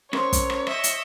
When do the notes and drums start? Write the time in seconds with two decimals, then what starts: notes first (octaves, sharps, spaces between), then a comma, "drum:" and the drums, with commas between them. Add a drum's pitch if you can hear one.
0.13 C#4 A#4 C5 C#5, drum: rim click
0.33 drum: kick, hi-hat
0.50 drum: rim click
0.67 D#5 E5 C#6, drum: rim click
0.84 drum: hi-hat